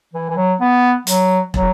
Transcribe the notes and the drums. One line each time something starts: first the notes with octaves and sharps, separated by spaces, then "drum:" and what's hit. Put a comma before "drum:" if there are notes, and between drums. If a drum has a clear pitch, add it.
E3
E3
F#3
B3
F#3, drum: hi-hat
F#3, drum: kick